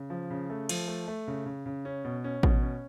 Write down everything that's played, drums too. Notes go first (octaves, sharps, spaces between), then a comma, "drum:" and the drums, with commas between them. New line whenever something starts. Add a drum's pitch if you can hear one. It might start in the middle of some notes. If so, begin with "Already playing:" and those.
Already playing: C#3
F3
C#3
A3
F3, drum: cymbal
A3
A3
C#3
C#3
C#3
C#4
B2
C#4
B2, drum: kick A1
C#4